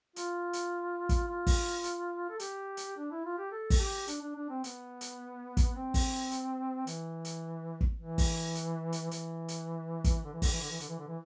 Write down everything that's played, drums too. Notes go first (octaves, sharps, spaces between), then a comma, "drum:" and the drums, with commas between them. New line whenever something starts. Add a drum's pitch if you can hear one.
F4, drum: hi-hat
drum: hi-hat
drum: kick, hi-hat
F4
drum: kick, open hi-hat
drum: hi-hat
A4
G4, drum: hi-hat
drum: hi-hat
D4
E4
F4
G4
A4
drum: kick, open hi-hat
G4
D4, drum: hi-hat
D4
D4
C4
B3, drum: hi-hat
drum: hi-hat
drum: kick, hi-hat
C4
drum: kick, open hi-hat
drum: hi-hat
E3, drum: hi-hat
drum: hi-hat
drum: kick
E3
drum: kick, open hi-hat
drum: hi-hat
drum: hi-hat
E3, drum: hi-hat
drum: hi-hat
drum: kick, hi-hat
D3
E3
D3, drum: kick, open hi-hat
E3
D3
E3
D3, drum: hi-hat
E3
D3
E3